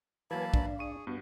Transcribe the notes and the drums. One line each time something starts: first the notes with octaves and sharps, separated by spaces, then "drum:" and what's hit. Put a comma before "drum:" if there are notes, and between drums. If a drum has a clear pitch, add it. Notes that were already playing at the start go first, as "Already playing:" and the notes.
E3 F#3 A#3 B4 F5 G#5 A5 B5
D4, drum: kick
G#4 C#6 D#7
G2 B3 F#4